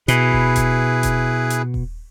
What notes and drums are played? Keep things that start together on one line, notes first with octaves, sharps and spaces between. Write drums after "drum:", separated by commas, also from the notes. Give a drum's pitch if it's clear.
B2 E4 G#4 B4, drum: hi-hat
drum: kick D#1
drum: kick D#1, hi-hat
drum: kick D#1, hi-hat
drum: hi-hat
drum: kick D#1